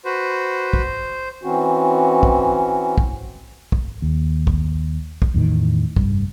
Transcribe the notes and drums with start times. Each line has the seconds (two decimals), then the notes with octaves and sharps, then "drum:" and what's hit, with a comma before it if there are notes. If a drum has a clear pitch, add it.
0.05 F#4 B4 C5
0.73 drum: kick
1.43 E3 C4 C#4 F#4
2.23 drum: kick
2.98 drum: kick
3.72 drum: kick
4.02 D#2
4.47 drum: kick
5.22 drum: kick
5.34 E2 A2 D#3
5.96 F1 G2, drum: kick